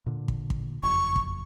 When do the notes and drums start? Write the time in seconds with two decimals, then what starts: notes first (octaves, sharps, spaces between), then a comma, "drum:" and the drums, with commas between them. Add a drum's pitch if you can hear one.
0.06 A#2 D3
0.28 drum: kick
0.50 drum: kick
0.83 F#1 F2 C#6
1.16 drum: kick